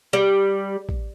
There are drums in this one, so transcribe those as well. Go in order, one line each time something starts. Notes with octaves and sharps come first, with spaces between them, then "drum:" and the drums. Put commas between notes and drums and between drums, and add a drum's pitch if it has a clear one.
G3
drum: kick